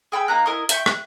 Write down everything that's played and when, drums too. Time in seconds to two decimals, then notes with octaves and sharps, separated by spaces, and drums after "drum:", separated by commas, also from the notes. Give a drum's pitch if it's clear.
0.12 G#4 G5 B5 E6
0.28 A#3 D#4 A#5 F#6
0.46 E4 A#4 D#5 D#6
0.69 E5 G5 C#6, drum: hi-hat
0.86 F#6, drum: rim click